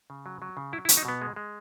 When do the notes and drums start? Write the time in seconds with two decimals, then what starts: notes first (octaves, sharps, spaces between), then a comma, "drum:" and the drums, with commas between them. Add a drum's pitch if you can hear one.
0.10 C#3
0.26 F#3
0.42 F#3
0.57 C#3
0.73 F#3 E4
0.85 E4
0.89 F#3, drum: hi-hat
0.97 D#4
1.05 B2 B3
1.22 G#3
1.36 G#3